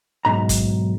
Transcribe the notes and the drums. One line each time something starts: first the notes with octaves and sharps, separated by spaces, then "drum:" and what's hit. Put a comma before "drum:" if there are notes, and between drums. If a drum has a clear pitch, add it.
B1 G#2 A#5
drum: kick, hi-hat